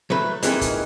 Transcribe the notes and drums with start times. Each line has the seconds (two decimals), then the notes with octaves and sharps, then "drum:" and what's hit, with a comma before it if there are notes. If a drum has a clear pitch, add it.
0.10 F#3 A3 B4
0.43 F2 E3 G#3 A#3 D#4, drum: hi-hat
0.61 drum: kick, hi-hat